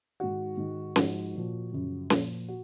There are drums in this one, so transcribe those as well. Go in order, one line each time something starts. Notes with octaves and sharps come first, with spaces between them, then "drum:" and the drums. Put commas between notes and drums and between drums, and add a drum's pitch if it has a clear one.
G#2 D#3 F#4
G#2 D#3
G#2 F3 F#4, drum: snare C#4
A#2 F3
F#2 C#3 F3
A#2 F3, drum: snare C#4
F#4